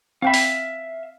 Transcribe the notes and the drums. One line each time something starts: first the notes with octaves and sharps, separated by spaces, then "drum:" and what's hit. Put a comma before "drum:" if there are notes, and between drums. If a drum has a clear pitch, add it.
C4 E5 F5 G5 B5
drum: open hi-hat